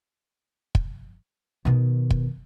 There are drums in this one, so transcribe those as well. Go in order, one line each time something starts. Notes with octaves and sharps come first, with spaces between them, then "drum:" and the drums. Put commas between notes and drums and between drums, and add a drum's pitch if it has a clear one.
drum: kick
B2 D#3
drum: kick